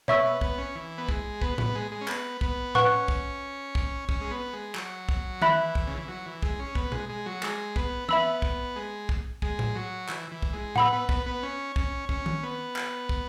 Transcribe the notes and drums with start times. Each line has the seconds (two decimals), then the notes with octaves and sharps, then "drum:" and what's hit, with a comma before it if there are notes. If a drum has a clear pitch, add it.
0.08 B3 C#5 E5 C#6 E6, drum: tom B2
0.25 B3
0.41 B3, drum: kick
0.58 C#4
0.75 E3
0.98 B3
1.09 G#3, drum: kick
1.42 B3, drum: kick
1.58 B3, drum: tom A2
1.75 G#3
1.92 G#3
2.01 C#4
2.08 B3, drum: clap
2.41 B3, drum: kick
2.75 C#4 B4 F#5 C#6 F#6, drum: tom A2
3.08 drum: kick
3.75 drum: kick
4.09 C#4, drum: kick
4.21 G#3
4.31 B3
4.53 G#3
4.75 F#3, drum: clap
5.09 drum: kick
5.42 E3 E5 B5 F#6, drum: tom D#3
5.75 drum: kick
5.87 C#3
5.98 E3
6.08 F#3
6.26 E3
6.42 G#3, drum: kick
6.59 C#4
6.75 B3, drum: kick
6.92 G#3, drum: tom B2
7.09 G#3
7.26 F#3
7.43 G#3, drum: clap
7.76 B3, drum: kick
8.09 B3 E5 B5 E6, drum: tom
8.42 drum: kick
8.76 G#3
9.09 drum: kick
9.42 G#3, drum: kick
9.59 drum: tom A2
9.75 F#3
10.08 E3, drum: clap
10.31 E3
10.42 drum: kick
10.53 G#3
10.76 B3 F#5 B5 E6, drum: tom A2
10.93 B3
11.09 B3, drum: kick
11.26 B3
11.43 C#4
11.76 C#4, drum: kick
12.09 C#4, drum: kick
12.26 drum: tom D#3
12.43 B3
12.76 drum: clap
13.09 drum: kick